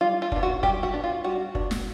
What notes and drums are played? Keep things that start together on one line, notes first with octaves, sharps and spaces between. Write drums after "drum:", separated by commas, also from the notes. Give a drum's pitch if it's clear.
G3 F4
F4
B3 D4, drum: kick
F#4
G3 G4, drum: kick
F#4
B3 D4
F4
G3 F#4
B3 D4, drum: kick
drum: snare